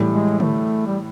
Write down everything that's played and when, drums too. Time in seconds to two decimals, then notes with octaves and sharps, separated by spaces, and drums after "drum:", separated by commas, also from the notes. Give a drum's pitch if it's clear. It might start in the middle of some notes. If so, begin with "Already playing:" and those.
Already playing: A2 E3 G3
0.11 G#3
0.40 A3, drum: tom D3
0.87 G3